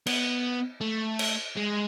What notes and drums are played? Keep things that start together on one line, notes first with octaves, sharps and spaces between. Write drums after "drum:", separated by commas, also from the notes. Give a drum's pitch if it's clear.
B3, drum: cymbal
A3
drum: cymbal
G#3